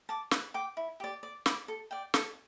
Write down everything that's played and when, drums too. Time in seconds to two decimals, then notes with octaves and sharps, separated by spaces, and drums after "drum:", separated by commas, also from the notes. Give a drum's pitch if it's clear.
0.09 A5 D6
0.31 B4, drum: snare
0.54 G5 D6
0.77 E4
1.00 G4 D5
1.23 D5
1.46 B5 D6, drum: snare
1.68 A4
1.91 D5 G5
2.14 A4, drum: snare